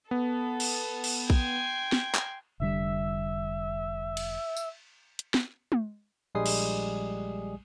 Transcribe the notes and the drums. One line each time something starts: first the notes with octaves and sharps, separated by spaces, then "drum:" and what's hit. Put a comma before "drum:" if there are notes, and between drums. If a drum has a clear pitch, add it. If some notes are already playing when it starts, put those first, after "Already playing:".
B3 A4
drum: cymbal
drum: cymbal
G5 G#5 C6, drum: kick A#1
drum: snare
drum: clap
F1 D3 G3 E5
drum: cymbal
drum: tambourine
drum: hi-hat
drum: snare
drum: tom
A#1 G3 G#3 G#5 D#6 C7
drum: cymbal